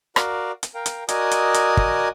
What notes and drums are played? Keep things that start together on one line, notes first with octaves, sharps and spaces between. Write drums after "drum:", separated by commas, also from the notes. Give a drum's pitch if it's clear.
F#4 A#4 D5 F5, drum: rim click
drum: hi-hat
A#4 F5 G5
drum: hi-hat
F#4 A#4 D5 D#5 G#5 D#6, drum: hi-hat
drum: hi-hat
drum: hi-hat
drum: kick